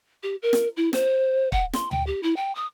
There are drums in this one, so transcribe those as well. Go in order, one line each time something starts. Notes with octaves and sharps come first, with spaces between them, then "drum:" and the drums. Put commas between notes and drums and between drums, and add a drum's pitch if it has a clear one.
G4
A#4
drum: snare
E4
C5, drum: snare
F#5, drum: kick
C6, drum: snare
G5, drum: tom D2
G4
E4
G5
D#6